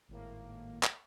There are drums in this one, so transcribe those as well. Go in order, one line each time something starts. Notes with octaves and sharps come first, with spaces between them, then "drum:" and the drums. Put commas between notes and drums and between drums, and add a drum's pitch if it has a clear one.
G#1 A2 A#3
drum: clap